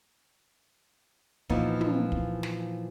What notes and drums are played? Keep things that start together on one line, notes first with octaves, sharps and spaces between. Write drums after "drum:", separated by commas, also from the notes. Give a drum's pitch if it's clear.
A#2 E3 F3 B3 D#4, drum: kick
drum: tom
drum: kick
drum: snare